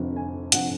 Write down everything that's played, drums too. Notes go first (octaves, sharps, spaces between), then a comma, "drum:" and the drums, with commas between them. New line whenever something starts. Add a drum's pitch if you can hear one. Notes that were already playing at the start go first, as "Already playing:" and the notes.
Already playing: F1 F2 D3 F3
G#5
F1 D3 F3 F#5, drum: hi-hat